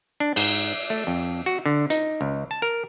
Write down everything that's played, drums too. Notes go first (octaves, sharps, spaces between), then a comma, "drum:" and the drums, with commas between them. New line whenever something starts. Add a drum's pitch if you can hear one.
D4
G#2, drum: cymbal
A3
F2
F#4
D3
D#4, drum: hi-hat
C#2
A5
A#4